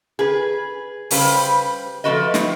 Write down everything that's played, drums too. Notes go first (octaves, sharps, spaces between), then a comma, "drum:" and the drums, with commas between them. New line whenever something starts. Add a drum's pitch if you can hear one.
G#4 B4
C#3 G3 B4 C5, drum: open hi-hat
F3 A3 A#3 F#4 B4 D#5
drum: snare